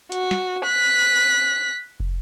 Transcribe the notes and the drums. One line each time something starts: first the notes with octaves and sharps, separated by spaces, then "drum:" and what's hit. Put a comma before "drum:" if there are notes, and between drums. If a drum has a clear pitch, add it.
F#4, drum: hi-hat
drum: snare
F#6 B6
drum: kick